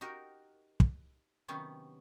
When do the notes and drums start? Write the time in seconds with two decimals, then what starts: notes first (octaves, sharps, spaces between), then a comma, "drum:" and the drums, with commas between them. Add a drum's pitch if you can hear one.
0.01 D#4 F#4 G4 A#4
0.80 drum: kick
1.48 C3 D#3 F#3 B3 C#4 G4